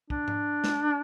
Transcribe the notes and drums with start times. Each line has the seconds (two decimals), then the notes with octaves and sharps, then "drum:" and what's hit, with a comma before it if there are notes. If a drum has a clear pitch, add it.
0.10 D4, drum: kick
0.28 drum: tom G#2
0.64 drum: snare